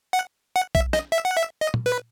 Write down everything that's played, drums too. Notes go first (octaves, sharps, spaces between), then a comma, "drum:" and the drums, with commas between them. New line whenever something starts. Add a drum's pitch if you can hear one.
F#5
F#5
E5, drum: kick
D#5, drum: rim click
E5
F#5
E5
D#5
drum: tom A#2
B4